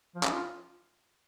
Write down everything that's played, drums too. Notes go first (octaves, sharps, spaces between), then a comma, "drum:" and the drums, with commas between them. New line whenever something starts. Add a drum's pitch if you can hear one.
F3
C#4, drum: clap
F4